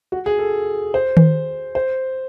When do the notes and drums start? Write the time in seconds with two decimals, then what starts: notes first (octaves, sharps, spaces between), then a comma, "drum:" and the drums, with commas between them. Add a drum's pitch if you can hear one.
0.12 F#4
0.26 G#4
0.39 A4
0.94 C5
1.17 drum: tom D#3
1.75 C5